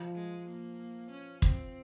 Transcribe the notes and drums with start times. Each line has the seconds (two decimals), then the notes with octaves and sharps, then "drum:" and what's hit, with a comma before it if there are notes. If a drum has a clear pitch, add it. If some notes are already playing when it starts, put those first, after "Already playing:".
Already playing: F3
0.15 G#3
0.47 A#3
1.10 C#4
1.42 C4, drum: kick